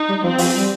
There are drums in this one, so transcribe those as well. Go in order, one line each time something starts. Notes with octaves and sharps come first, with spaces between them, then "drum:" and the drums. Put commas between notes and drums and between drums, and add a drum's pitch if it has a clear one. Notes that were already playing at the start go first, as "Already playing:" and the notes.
Already playing: D#4
G3
F3 C4
F3, drum: open hi-hat
G3